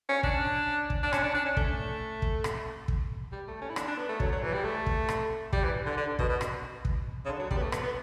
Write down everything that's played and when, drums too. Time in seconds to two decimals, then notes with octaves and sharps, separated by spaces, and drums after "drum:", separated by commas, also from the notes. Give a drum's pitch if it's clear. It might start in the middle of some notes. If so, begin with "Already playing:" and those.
0.09 C#4
0.23 D4, drum: kick
0.90 drum: kick
1.03 D4
1.13 C#4, drum: rim click
1.23 D4
1.34 D4
1.45 C#4
1.57 A3, drum: kick
2.22 drum: kick
2.44 drum: rim click
2.88 drum: kick
3.32 G3
3.48 A3
3.62 C#4
3.69 E4
3.76 D4, drum: rim click
3.88 D4
3.98 B3
4.09 A3
4.20 F#3, drum: kick
4.32 F#3
4.42 E3
4.53 G3
4.64 A3
4.86 drum: kick
5.09 drum: rim click
5.53 G3, drum: kick
5.64 E3
5.86 D3
5.97 D3
6.19 B2, drum: kick
6.29 B2
6.41 drum: rim click
6.85 drum: kick
7.25 C#3
7.28 D3
7.40 F#3
7.51 G3, drum: kick
7.57 B3
7.62 A3
7.72 B3, drum: rim click
7.83 B3